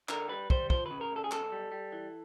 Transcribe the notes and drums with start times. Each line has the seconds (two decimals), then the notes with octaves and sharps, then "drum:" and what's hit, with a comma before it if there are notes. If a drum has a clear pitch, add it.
0.09 D3 A#4, drum: clap
0.29 G3 B4
0.50 G3 C5, drum: kick
0.70 F3 C5, drum: kick
0.86 C#3 B4
1.01 A#4
1.11 D2 A4
1.24 G#4
1.31 B1 A4, drum: clap
1.52 G3
1.72 G3
1.92 E3